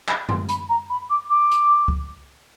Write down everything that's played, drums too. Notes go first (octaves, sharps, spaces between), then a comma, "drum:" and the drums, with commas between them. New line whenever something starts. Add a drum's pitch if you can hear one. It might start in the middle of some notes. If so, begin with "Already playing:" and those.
B5, drum: clap
C6, drum: tom F#2
B5, drum: hi-hat
A#5
B5
D6
D6
drum: hi-hat
drum: kick